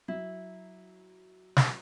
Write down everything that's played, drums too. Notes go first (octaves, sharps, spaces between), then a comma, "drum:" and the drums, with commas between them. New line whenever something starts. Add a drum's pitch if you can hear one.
F#3 E4
drum: snare